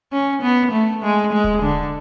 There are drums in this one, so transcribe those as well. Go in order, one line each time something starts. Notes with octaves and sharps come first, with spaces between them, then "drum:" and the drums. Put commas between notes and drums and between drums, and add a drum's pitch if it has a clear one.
C#4
B3
A3
G#3
G#3
drum: kick D#1
D3